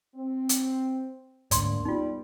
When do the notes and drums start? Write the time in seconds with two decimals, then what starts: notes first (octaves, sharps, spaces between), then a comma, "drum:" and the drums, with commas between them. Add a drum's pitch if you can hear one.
0.15 C4
0.49 drum: hi-hat
1.51 D2 G#2 A#3 D4 D5 C6, drum: hi-hat
1.85 G3 B3 D#4 F4 D5